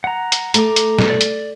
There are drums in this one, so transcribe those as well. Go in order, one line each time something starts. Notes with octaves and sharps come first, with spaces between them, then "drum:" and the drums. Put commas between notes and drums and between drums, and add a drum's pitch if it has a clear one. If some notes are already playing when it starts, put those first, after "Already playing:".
F#5 A#5
drum: hi-hat
A3 A#5 D6, drum: hi-hat
drum: hi-hat
drum: snare
D5
drum: hi-hat